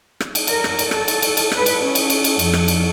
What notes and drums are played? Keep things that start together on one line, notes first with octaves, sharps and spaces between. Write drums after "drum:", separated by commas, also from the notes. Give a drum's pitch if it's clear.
drum: rim click
drum: cymbal
A#4, drum: cymbal
drum: rim click
drum: cymbal
A4, drum: rim click
drum: cymbal
drum: cymbal
drum: cymbal
B4, drum: rim click
drum: cymbal
C#4
drum: cymbal
drum: cymbal
drum: cymbal
F2, drum: cymbal
drum: rim click
drum: cymbal